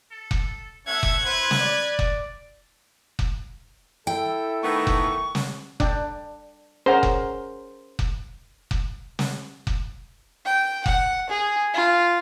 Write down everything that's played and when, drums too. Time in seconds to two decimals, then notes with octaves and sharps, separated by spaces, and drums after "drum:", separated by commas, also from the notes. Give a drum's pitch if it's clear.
0.11 A4
0.31 drum: kick F1
0.87 A3 C#4 E5 F#5 G#6
1.03 drum: kick F1
1.25 E4 B4 C5
1.51 drum: snare
1.60 D5
1.99 drum: kick F1
3.19 drum: kick F1
4.07 E4 A4 G5
4.63 D#3 A3 B3 C#6
4.87 drum: kick F1
5.35 drum: snare
5.80 D4 D5 G5, drum: kick F1
6.86 C#4 G#4 A#4 C5 F#5 A#5
7.03 drum: kick F1
7.99 drum: kick F1
8.71 drum: kick F1
9.19 drum: snare
9.67 drum: kick F1
10.45 G5
10.86 F#5, drum: kick F1
11.29 G#4
11.74 F4